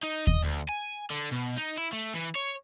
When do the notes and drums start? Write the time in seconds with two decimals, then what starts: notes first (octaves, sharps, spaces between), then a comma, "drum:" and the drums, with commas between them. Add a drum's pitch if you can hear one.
0.04 D#4
0.27 D#5, drum: kick D#2
0.44 D2
0.69 G#5
1.11 D3
1.32 B2
1.57 D#4
1.78 E4
1.93 A3
2.14 E3
2.35 C#5